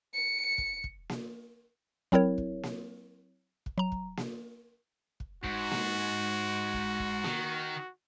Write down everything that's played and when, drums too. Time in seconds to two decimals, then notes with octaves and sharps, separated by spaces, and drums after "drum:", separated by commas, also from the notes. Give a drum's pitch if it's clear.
0.14 C#7
0.58 drum: kick
0.84 drum: kick
1.09 drum: snare A#3
2.12 F#3 C4 E4 A#4 C#5, drum: kick
2.38 drum: kick
2.63 drum: snare A#3
3.66 drum: kick
3.78 F#3 A#5
3.92 drum: kick
4.17 drum: snare A#3
5.20 drum: kick
5.44 G#2 F#4, drum: kick
5.71 drum: snare A#3
6.74 drum: kick
7.00 drum: kick
7.24 D#3, drum: snare A#3